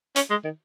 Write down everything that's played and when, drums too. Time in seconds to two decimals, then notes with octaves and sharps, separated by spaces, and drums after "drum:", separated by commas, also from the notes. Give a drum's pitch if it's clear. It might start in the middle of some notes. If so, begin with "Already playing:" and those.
0.16 C#4, drum: hi-hat
0.30 G#3
0.45 D#3